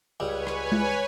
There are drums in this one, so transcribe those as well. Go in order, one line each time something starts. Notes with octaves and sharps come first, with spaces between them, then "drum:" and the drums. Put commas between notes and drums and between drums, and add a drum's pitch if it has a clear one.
C#2 G3 B4 C#5 G#5
drum: rim click
drum: tom G#3